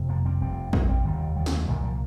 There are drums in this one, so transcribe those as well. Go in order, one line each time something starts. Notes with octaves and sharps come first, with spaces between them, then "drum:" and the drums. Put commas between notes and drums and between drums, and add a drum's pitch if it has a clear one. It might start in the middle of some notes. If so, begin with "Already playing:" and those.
Already playing: F1 F2 C3
F3 A#3
G3 C4
F1 F2 C3 G3 C4
G3 C4, drum: kick
G3 C4
F1 D#2 D#3 G3
D#3 G3
drum: snare
C2 A#2 D#3 G3
F3 A#3